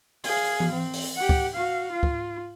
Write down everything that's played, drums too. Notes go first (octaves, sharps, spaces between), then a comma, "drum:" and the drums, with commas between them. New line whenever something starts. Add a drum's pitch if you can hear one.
G#4 F5, drum: open hi-hat
drum: tom E3
C4
drum: open hi-hat
G4 F#5
drum: kick
F#4 F5
F4
drum: kick